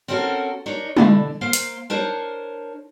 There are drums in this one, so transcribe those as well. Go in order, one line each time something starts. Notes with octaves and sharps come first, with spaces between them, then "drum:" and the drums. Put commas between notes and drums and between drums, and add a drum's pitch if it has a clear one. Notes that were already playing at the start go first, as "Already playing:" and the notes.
C4 C#4 F#4 A4 A#4
D4 D#4 A#4 C#5
B2 D3 E3, drum: tom
A#3 C5 F5
drum: hi-hat
D4 A#4 C5 C#5